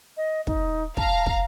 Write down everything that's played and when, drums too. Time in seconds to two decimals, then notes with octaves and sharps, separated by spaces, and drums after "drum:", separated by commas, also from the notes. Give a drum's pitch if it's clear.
0.17 D#5
0.47 D#4, drum: kick
0.97 F5 A5 A#5, drum: kick
1.26 drum: kick